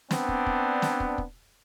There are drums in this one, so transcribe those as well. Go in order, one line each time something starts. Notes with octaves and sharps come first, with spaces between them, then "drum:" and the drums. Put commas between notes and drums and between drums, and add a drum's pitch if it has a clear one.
B3 C4 D4, drum: snare
drum: kick
drum: kick
drum: snare
drum: kick
drum: kick